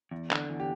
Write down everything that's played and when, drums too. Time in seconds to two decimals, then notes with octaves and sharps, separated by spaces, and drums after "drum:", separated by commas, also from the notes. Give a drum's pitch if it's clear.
0.11 E2
0.31 D3, drum: clap
0.50 E2
0.60 G4